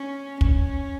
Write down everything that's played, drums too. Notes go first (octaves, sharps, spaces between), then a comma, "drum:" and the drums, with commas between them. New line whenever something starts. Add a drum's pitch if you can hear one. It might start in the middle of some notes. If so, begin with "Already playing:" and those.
Already playing: C#4
C#4, drum: kick